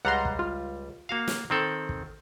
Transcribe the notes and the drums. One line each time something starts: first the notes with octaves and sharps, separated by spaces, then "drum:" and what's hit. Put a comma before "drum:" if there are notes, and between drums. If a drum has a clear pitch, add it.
C#2 G3 F#5 A#5 C6
drum: kick
F4
A#3 F#4 F5
drum: snare
D#3 C4 A4
drum: kick